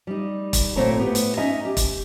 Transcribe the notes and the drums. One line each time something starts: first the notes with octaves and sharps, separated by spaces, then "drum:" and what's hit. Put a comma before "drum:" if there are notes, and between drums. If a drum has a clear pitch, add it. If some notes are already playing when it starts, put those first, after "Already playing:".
G3 D#4
drum: kick E1, hi-hat
D2 A#2 A3 C4 C#5 A#5
A2 B3 G4
drum: hi-hat
C#4 D#4 D#5 E5 A#5
G4
drum: kick E1, hi-hat